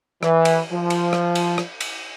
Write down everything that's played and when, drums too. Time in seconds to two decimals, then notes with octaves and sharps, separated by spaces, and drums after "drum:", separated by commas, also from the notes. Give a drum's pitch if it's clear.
0.23 E3, drum: rim click
0.45 drum: cymbal
0.73 F3
0.90 drum: cymbal
1.13 drum: rim click
1.35 drum: cymbal
1.58 drum: rim click
1.80 drum: cymbal